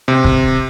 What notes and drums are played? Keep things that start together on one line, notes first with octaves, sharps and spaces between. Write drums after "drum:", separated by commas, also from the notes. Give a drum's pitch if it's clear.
C3
drum: kick